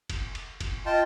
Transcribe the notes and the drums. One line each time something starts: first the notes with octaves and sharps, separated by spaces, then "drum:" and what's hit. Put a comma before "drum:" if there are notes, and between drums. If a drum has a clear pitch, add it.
drum: kick F1, cymbal
drum: cymbal
drum: kick F1, cymbal
F4 D#5 G5 A5